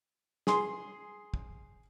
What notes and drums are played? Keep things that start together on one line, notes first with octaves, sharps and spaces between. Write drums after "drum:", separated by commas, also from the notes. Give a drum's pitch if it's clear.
G#4 C6, drum: snare
drum: kick